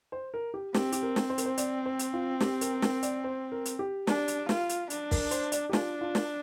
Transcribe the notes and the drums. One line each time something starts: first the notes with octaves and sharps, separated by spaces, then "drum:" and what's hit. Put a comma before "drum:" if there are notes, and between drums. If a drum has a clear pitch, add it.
C5
A#4
G4
C4 G4, drum: snare
G4, drum: hi-hat
A#4
drum: snare
C5
A#4, drum: hi-hat
C5
D5, drum: hi-hat
C5
drum: hi-hat
F4
G4, drum: snare
A#4, drum: hi-hat
A#4, drum: snare
D5, drum: hi-hat
C5
A#4
drum: hi-hat
G4
D4, drum: snare
drum: hi-hat
F4, drum: snare
drum: hi-hat
D4, drum: hi-hat
A#4, drum: kick, open hi-hat
C5, drum: hi-hat
D5, drum: hi-hat
G4
D4 F4, drum: snare
F4
drum: snare